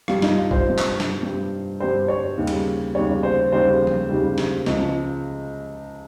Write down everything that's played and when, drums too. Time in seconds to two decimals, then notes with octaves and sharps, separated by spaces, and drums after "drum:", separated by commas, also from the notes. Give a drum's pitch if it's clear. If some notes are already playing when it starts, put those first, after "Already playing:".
0.08 G2 G3 F4, drum: rim click
0.22 D#4, drum: snare
0.37 F4
0.51 C5, drum: kick
0.65 G2 G3
0.78 drum: clap
1.00 drum: snare
1.23 G2 G3
1.80 G2 G3 C5
2.08 C#5
2.37 D#2 C#3 G3
2.47 drum: cymbal
2.94 D#2 C#3 G3 C#5
3.23 C5
3.52 D#2 C#3 G3 C5
3.87 drum: tom F3
4.09 D#2 C#3 G3
4.38 drum: snare
4.66 C#2 C#3 F3, drum: snare